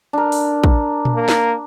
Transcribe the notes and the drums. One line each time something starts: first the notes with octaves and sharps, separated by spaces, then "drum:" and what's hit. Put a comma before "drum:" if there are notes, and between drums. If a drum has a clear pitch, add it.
D4 A#4
drum: open hi-hat
drum: kick
drum: tom A#2
A#3
drum: snare